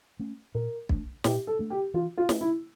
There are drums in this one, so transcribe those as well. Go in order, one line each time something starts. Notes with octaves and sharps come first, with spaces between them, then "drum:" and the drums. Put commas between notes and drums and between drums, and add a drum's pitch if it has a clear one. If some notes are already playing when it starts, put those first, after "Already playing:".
A3 C#4
A#2 A#4
A3 D4, drum: kick
A#2 G4, drum: snare
A4
A3 D4
G4
E3 F4
F4
A3 C#4, drum: snare
E4